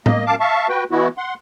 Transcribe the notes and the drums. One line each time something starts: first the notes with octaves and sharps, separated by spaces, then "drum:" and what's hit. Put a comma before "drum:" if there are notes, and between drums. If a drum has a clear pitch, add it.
A#3 D#5, drum: tom A2
F#2 F5 A5 D6
E5 F5 A5 C#6
F#4 B4 G5
B2 E3 B3 E4 F#4
F#5 C6